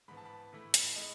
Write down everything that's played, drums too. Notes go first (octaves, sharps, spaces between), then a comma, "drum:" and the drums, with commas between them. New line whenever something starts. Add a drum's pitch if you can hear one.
G#2 E3 B3 B5
A5
B5
A2 E3 A3 E4
drum: hi-hat
A2 G#3 D#4 D#5